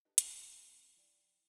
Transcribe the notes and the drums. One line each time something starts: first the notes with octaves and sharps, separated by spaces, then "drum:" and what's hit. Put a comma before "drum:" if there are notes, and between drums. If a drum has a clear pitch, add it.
D4 D#4 G4 A4 B4 D#5
F#5, drum: hi-hat
A2 F#3
D#2 A2 D#3 G#5 B5
C3 D#5 A#5
F3 E4 D5 G5